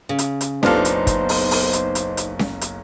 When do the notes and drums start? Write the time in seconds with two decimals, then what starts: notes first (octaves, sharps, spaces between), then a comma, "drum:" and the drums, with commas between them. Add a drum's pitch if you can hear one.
0.09 C#3
0.19 drum: hi-hat
0.41 drum: hi-hat
0.63 F#1 B1 B3 D4 D#4 F4 A4 C5, drum: snare C#4
0.85 drum: hi-hat
1.07 drum: kick, hi-hat
1.29 drum: open hi-hat
1.51 drum: open hi-hat
1.73 drum: hi-hat
1.95 drum: hi-hat
2.17 drum: hi-hat
2.39 drum: snare C#4
2.61 drum: hi-hat